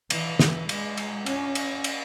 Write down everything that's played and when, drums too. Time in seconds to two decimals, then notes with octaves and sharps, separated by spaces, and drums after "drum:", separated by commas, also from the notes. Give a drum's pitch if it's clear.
0.10 E3, drum: cymbal
0.39 E3, drum: snare
0.69 G#3, drum: cymbal
0.97 drum: cymbal
1.26 C#4, drum: cymbal
1.55 drum: cymbal
1.84 drum: cymbal